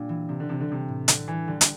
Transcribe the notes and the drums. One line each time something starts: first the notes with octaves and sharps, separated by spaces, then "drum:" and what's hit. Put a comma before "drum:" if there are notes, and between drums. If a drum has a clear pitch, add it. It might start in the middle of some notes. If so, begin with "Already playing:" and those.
Already playing: A#2 G3 D4
E3
C3 D4
D3
C3 A4
D3
C3 G3
A2
D3 D4, drum: hi-hat
E3 A4
D3 G3
drum: hi-hat